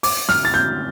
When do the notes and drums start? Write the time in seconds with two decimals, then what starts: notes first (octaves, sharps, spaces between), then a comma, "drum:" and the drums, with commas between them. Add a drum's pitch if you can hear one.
0.03 D6, drum: open hi-hat
0.29 F6, drum: snare
0.45 A6
0.54 G6